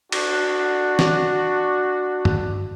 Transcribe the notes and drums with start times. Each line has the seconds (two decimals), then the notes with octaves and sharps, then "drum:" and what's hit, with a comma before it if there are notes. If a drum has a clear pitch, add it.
0.12 D4 F#4, drum: cymbal
0.99 drum: snare
2.25 drum: tom G2